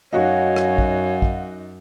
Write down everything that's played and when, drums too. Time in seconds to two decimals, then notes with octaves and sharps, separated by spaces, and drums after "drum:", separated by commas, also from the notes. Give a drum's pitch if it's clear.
0.13 F#2 D#4 F#4 C#5 F5 F#5 G#5
0.56 drum: rim click
0.78 drum: kick
1.22 drum: kick